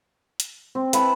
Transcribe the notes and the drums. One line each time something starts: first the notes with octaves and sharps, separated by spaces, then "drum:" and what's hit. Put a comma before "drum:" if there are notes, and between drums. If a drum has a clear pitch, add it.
drum: hi-hat
C4
E4 B4 G#5 A5, drum: hi-hat